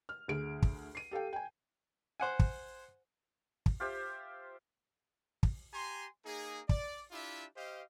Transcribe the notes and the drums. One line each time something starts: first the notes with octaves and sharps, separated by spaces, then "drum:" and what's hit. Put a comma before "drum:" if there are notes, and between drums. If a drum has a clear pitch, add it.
F6
D2 G#4 D7
drum: kick
C7 D#7
G4 A4 F5 G5
G5 G#5
C5 F#5 G#5
drum: kick
drum: kick
F4 G4 C5 E5
drum: kick
G4 G#5 A#5 C6
A#3 D#4 G#4
D5, drum: kick
D4 E4 F4 G4 E5
G4 C5 D#5 F5